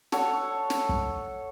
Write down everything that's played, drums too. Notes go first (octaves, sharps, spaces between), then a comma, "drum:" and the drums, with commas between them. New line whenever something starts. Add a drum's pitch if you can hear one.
A4 C#5 F#5, drum: snare
drum: snare
drum: kick